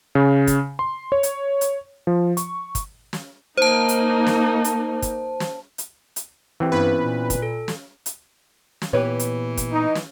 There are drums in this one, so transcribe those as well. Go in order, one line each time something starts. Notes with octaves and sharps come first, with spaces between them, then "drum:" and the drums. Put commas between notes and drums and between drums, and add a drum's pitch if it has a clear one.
C#3
drum: kick, hi-hat
C6
C#5
drum: hi-hat
drum: hi-hat
F3
C#6, drum: hi-hat
drum: kick, hi-hat
drum: snare
A#3 D#4 C5 A5
drum: hi-hat
drum: snare
drum: hi-hat
drum: kick, hi-hat
drum: snare
drum: hi-hat
drum: hi-hat
E3 C4 G4
G2 B3 C#4 E4 B4
A#2
drum: kick, hi-hat
A4
drum: snare
drum: hi-hat
drum: snare
A#2 E3 B3 G4 B4 C#5
drum: hi-hat
drum: kick, hi-hat
D#4
drum: snare